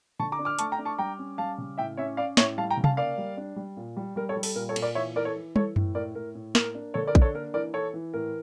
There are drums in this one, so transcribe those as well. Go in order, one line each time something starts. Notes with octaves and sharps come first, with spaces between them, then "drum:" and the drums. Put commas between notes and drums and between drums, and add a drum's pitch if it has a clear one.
D3 A5 C#6
A#5 D6
D4
D6 F6
A3 A5 C#6, drum: hi-hat
G5 A#5
D4
A5 C#6
G3 G5 A#5
C#4
G3 F5 A5
C#3
A2 E5 G5
C#4 C#5 E5
C#4 D5 F5
A2 C#5 E5, drum: snare
G3 F5 A5
G5 A#5
C#3
F5 A5, drum: tom C3
A#3 D5 F5
G3
D4
G3
A#2
G3
G3 A#4
A4 C#5
G3
A4, drum: open hi-hat
A#2 A#4
A4 C#5
A#2, drum: cymbal
A#4 D5
E3 C#5 E5
E3 A#4 D5
A4 C#5
E3
E3 A4 C#5, drum: tom
A2, drum: tom F#2
A2 A#4 D5
A2 A#4
A2
A#3 A#4, drum: snare
D4
D3 A4 C#5
A#4 D5
D4, drum: kick A#1
A4 C#5
A#3 A#4
E3 A#4 D5
E3 A4 C#5
E3
A2 A#4